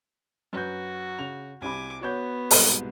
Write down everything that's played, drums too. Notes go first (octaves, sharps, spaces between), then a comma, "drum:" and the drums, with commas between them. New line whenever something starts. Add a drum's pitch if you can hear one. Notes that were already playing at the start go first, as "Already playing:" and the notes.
F#2 F#4 B4 G6
C#3 F7
C2 C3 G#5 B5 D6
B3 F#4 C#5 G6
C2 G#2 B2, drum: open hi-hat